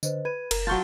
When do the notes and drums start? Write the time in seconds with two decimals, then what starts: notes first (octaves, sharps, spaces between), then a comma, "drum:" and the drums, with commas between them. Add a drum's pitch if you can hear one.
0.03 D3 B4 C5 D#5, drum: tambourine
0.25 B4 G#6 D#7
0.51 F#1 A#4, drum: cymbal
0.67 F#3 F4 A5 C#6 G6 A6 G7